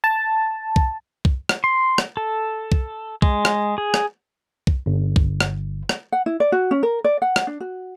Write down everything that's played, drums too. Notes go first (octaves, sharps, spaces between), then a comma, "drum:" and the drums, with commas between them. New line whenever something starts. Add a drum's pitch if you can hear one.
A5
drum: kick C2
drum: kick C2
drum: rim click
C6
drum: rim click
A4
drum: kick C2
G#3, drum: kick C2
drum: rim click
G#4
drum: rim click
drum: kick C2
G1
drum: kick C2
drum: rim click
drum: rim click
F#5
E4
D5
F#4
C#4
A#4
D5
F#5
drum: rim click
D4
F#4